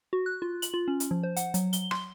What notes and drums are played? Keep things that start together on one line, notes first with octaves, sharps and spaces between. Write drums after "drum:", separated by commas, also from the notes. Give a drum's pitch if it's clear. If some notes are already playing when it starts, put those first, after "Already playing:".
F#4
F#6
F4
F#7, drum: hi-hat
F4
C#4
drum: hi-hat
F3
C5
F#5, drum: hi-hat
F#3, drum: hi-hat
G7, drum: hi-hat
C6, drum: rim click